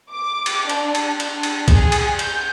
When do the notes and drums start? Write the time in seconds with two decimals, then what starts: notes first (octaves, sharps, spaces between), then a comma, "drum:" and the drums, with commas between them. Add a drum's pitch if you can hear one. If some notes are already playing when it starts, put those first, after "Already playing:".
0.12 D6
0.46 drum: cymbal
0.69 D4, drum: cymbal
0.95 drum: cymbal
1.20 D4, drum: cymbal
1.43 drum: cymbal
1.68 G#4, drum: kick, cymbal
1.92 drum: cymbal
2.19 G6, drum: cymbal